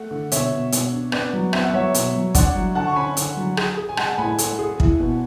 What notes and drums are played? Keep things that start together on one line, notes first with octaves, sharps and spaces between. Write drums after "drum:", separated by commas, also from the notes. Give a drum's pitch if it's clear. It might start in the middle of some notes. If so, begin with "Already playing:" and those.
Already playing: A3 F#5
D3
B2 C#5 E5, drum: hi-hat
B2
B2, drum: hi-hat
D4
B3 B4 D5, drum: rim click
F#3
B3 E5, drum: rim click
F#5
F#3 C#5 E5
B2, drum: hi-hat
F#3
D4 D5 F#5, drum: kick, hi-hat
F#3
D3 F#5 A5
C#6
C#4 G#5 B5
D3, drum: hi-hat
F#3
G#4, drum: rim click
G#4
G#5
G#3 F#5 A5, drum: rim click
A2 G#5 B5
A3, drum: hi-hat
G#4
E4, drum: kick
B2